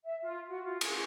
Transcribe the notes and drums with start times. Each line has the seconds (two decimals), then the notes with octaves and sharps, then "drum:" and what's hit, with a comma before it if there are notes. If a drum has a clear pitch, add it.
0.04 E5
0.23 F4
0.48 F#4
0.64 F4
0.81 G#4, drum: cymbal